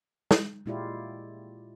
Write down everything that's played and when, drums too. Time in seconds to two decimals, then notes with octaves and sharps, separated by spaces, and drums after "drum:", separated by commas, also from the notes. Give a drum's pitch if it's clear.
0.31 drum: snare
0.66 A#2 G#3 E4 F4 G4 D5